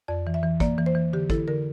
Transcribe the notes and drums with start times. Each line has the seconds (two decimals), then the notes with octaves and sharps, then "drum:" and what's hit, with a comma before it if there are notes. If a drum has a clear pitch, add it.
0.08 F2 D5
0.27 E3
0.34 E5
0.43 E3
0.60 A#3 D5, drum: kick
0.78 E3
0.86 C5
0.95 E3
1.13 D3 G4
1.30 E4 A4, drum: kick
1.48 D3 A#4